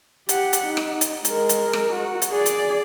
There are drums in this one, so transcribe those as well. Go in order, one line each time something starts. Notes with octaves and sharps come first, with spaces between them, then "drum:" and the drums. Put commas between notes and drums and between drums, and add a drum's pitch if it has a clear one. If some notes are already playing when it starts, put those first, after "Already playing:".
G4 F#5, drum: hi-hat
drum: hi-hat
D#4
drum: rim click
drum: hi-hat
G#3 A#4, drum: hi-hat
drum: hi-hat
drum: rim click
F#4
drum: hi-hat
G#4 D5
drum: hi-hat